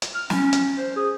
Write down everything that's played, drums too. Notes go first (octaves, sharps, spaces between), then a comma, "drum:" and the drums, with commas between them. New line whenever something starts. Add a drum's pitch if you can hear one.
drum: hi-hat
F6
C#4, drum: snare
drum: hi-hat
C5
G#4